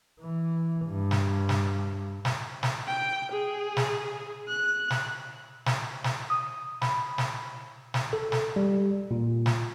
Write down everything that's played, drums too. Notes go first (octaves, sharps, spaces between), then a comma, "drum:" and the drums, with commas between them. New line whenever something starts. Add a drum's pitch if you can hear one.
E3
G2
drum: snare
drum: snare
drum: snare
drum: snare
G5
G#4
drum: snare
F#6
drum: snare
drum: snare
drum: snare
D#6
B5, drum: snare
drum: snare
drum: snare
A4
drum: snare
G3
A#2
drum: snare